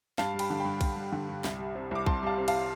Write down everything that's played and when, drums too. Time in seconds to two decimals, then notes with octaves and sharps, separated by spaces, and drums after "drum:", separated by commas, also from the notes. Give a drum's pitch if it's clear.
0.18 G2 F5 A5, drum: snare
0.34 G3
0.39 G5 B5, drum: cymbal
0.50 D3
0.60 G5 B5
0.65 G2
0.81 G2, drum: kick B1, cymbal
0.96 G3
1.12 D3
1.29 G2
1.44 C2, drum: snare
1.59 G3
1.75 C3
1.91 C2 D6
2.06 C2 A5 C6, drum: kick B1
2.22 G3 F5 A5
2.38 C3
2.48 F5 A5, drum: cymbal